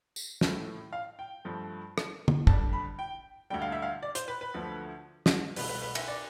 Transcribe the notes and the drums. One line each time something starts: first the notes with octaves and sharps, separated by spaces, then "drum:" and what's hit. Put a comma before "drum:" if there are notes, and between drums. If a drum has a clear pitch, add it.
drum: tambourine
A2 F3 A3, drum: snare
F5
G5
G2 F3 A3
drum: rim click
drum: tom
F2 D3 G3 A5, drum: kick
B5
G5
D2 D3 G3 G5
F5
E5
F5
D5
C5, drum: hi-hat
B4
B4
D2 D3 F3 A3
drum: snare
C2 B2 A3 B4, drum: open hi-hat
B4
B4
E5, drum: cymbal
D5